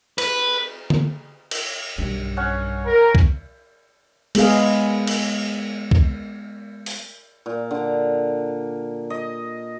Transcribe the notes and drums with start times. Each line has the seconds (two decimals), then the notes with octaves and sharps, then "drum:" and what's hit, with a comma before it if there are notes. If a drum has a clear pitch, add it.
0.18 B4, drum: cymbal
0.90 drum: tom D3
1.51 drum: cymbal
1.98 B1 G2
2.37 C#4 C#5 F#5
2.86 A#4
3.15 drum: kick C2
4.35 G#3 B3 G#4 F5, drum: cymbal
5.07 drum: cymbal
5.91 drum: kick C2
6.86 drum: open hi-hat
7.46 A#2
7.71 D3
9.10 D#5